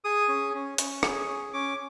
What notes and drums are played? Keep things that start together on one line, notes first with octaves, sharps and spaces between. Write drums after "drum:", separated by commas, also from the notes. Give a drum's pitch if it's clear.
G#4 D#6
C#4
C#4
C#4, drum: hi-hat
G#4, drum: rim click
C#4
C#4 D6